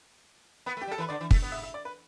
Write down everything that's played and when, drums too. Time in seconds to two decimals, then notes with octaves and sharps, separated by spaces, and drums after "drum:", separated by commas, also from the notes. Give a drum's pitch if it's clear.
0.66 B3 B4
0.77 A3
0.81 G4
0.87 G3
0.92 A4
0.98 E3 B4
1.09 D3 D5
1.20 E3
1.31 A3, drum: kick
1.42 B3
1.52 E5
1.64 E5
1.74 D5
1.85 B4